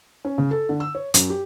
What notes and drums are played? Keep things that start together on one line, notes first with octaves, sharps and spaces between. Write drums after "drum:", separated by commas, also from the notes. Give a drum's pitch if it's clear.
C#4
C#3
A4
D3
E6
C#5
F#2, drum: hi-hat
G4